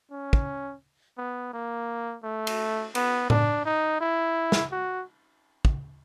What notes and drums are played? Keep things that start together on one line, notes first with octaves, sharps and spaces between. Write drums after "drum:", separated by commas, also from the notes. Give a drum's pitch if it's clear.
C#4
drum: kick
B3
A#3
A3
drum: cymbal
B3, drum: cymbal
D4, drum: tom A2
D#4
E4
drum: snare
F#4
drum: kick